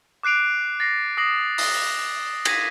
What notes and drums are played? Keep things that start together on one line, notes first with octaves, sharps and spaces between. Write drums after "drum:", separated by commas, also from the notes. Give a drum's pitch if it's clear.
D6 F#6 C7 D7 F7
A6 A#6 C7
D6 D#6 A#6 C7 F#7
D#6, drum: open hi-hat
G#6 A#6 B6 D#7, drum: cymbal